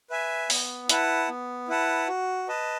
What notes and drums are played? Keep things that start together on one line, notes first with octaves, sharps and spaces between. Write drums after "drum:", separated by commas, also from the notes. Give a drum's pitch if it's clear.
B4 E5 G#5
B3, drum: open hi-hat
E4 B4 F#5 A5, drum: hi-hat
B3
E4 B4 F#5 A5
F#4
B4 D#5 A5